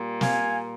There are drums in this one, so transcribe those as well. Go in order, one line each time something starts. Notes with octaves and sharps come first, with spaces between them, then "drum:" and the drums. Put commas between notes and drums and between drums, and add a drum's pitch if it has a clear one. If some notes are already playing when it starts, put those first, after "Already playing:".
Already playing: A#2 G3 A#3
F5 G#5, drum: snare